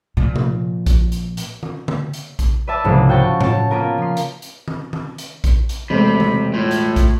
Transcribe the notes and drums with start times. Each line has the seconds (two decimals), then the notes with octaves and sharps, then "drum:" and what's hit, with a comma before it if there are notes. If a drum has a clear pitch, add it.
0.17 A#2 F3
0.36 drum: tom C3
0.86 drum: kick A#1, hi-hat
1.12 drum: hi-hat
1.37 drum: hi-hat
1.63 drum: tom D#3
1.88 drum: tom D3
2.13 drum: hi-hat
2.39 drum: kick A#1, hi-hat
2.67 B4 D5 E5 A5
2.84 C2 G#2 C#3 F3 F#3 G#3
3.08 F4 F#4 G5 A5 C#6
3.41 C#5 A5, drum: tom A2
3.71 A#3 B3 F4 A#4
3.98 F3 C6
4.17 drum: hi-hat
4.42 drum: hi-hat
4.68 drum: tom D#3
4.93 drum: tom D#3
5.18 drum: hi-hat
5.44 drum: kick A#1, hi-hat
5.69 drum: hi-hat
5.90 E1 C3 A3 C5 B5
6.20 drum: tom D#3
6.54 A2 F4
6.71 drum: hi-hat
6.96 drum: kick A#1, hi-hat